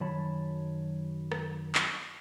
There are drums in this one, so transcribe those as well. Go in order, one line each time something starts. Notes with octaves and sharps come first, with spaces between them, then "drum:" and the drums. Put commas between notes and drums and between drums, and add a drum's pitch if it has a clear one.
F#2 D#3 C#5 A5 B5
drum: rim click
drum: clap